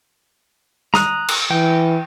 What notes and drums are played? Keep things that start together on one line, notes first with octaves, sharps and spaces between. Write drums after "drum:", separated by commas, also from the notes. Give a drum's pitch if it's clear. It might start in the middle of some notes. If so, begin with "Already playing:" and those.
A#5 D#6 F#6, drum: snare
drum: cymbal
E3 G5